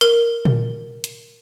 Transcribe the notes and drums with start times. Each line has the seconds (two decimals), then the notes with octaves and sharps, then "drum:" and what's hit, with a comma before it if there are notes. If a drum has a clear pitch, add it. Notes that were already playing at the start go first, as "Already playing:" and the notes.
0.01 A#4, drum: hi-hat
0.45 drum: tom A#2
1.04 drum: hi-hat